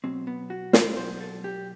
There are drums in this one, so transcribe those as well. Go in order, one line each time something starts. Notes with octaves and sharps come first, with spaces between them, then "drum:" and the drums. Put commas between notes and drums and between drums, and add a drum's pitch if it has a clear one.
B2 F#3 C4
B3
F#4
C5, drum: snare
B2 F#3 C5
A4
G4